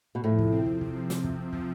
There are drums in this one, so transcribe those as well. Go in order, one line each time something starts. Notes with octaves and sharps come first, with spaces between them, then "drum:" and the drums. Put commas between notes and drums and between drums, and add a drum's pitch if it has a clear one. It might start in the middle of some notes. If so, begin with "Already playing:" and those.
B2
A2 F3
C3, drum: kick
C4
C3, drum: kick
C3, drum: kick
F3
C3, drum: snare
C3, drum: kick
C3
F3, drum: kick